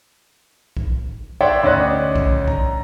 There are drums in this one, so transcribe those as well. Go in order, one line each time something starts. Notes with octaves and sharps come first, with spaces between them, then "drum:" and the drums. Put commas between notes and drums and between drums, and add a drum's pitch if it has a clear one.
drum: kick B1
C#5 D5 E5 F#5 G5 C6
D2 C#4 D5 D#5 F#6
drum: kick B1
A#5, drum: kick B1